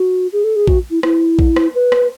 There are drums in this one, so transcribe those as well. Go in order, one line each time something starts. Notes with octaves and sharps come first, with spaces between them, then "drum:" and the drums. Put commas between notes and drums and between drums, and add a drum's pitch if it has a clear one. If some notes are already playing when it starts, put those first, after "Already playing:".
Already playing: F#4
G#4
A4
G#4
F#4, drum: kick A#1
E4
E4, drum: rim click
drum: kick A#1
drum: rim click
B4
drum: rim click